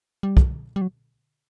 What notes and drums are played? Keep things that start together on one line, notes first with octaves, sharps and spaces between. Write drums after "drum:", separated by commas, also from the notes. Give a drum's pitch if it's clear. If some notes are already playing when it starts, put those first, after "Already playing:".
G3
drum: kick
G3
F#3